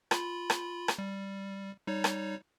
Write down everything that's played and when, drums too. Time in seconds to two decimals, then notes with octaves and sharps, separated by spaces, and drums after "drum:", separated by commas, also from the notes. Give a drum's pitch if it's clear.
0.11 F4 B5, drum: rim click
0.50 drum: rim click
0.88 drum: rim click
0.98 G3
1.87 G3 D#4 C#5
2.04 drum: rim click